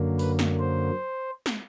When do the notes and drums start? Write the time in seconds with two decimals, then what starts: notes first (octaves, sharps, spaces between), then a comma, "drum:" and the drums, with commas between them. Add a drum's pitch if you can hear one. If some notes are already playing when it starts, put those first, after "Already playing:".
Already playing: F#2 D3 F#3 A#3
0.19 B4, drum: open hi-hat
0.39 drum: snare
0.59 C5
1.46 drum: snare